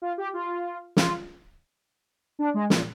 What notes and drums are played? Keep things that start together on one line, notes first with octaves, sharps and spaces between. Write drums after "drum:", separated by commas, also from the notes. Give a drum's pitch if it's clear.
F4
G4
F4
F4, drum: snare
D4
G#3
A#2, drum: snare